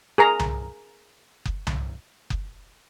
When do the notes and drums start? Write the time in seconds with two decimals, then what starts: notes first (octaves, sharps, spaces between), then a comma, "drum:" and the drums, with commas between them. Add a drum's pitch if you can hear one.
0.18 G#4 A#4 A#5
0.39 drum: tom C2
1.45 drum: kick F#1
1.67 drum: tom C2
2.30 drum: kick F#1